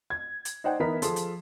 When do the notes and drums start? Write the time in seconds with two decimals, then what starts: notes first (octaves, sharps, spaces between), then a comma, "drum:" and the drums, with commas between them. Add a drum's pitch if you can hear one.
0.10 G#6
0.45 drum: hi-hat
0.64 D#4 C5 D5 F#5 G5
0.80 E3 B3 D#4 A#4 A#5 B6
1.02 F3 G#4 A4 C6, drum: hi-hat
1.16 drum: hi-hat